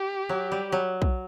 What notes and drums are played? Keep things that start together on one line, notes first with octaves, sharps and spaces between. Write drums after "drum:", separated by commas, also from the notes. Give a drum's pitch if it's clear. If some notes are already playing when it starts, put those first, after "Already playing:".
Already playing: G4
F#3
G3
F#3
drum: kick B1